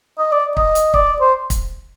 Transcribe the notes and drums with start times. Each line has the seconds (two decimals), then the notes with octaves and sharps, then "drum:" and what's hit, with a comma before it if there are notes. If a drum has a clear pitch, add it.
0.19 D#5
0.32 D5
0.57 D#5, drum: kick
0.75 drum: hi-hat
0.94 D5, drum: kick
1.21 C5
1.50 drum: kick, hi-hat